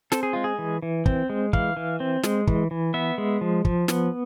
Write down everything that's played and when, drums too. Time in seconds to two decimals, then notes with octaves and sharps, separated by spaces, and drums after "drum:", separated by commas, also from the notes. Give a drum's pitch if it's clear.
0.12 C4 A4, drum: snare
0.23 G#4
0.33 G#3 F4
0.44 G#4
0.59 E3
0.82 E3
1.06 C4, drum: kick
1.30 G#3
1.53 E3 F5, drum: kick
1.77 E3
2.00 C4
2.23 G#3, drum: snare
2.47 E3, drum: kick
2.71 E3
2.94 B3 E5
3.18 G#3
3.41 F3
3.65 F3, drum: kick
3.88 B3, drum: snare